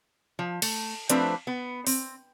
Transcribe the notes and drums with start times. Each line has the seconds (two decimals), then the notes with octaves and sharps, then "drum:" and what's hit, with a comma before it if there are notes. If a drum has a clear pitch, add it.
0.39 F3
0.62 A3, drum: cymbal
1.10 F3 A3 C4 D4 B4, drum: hi-hat
1.47 B3
1.87 C4, drum: open hi-hat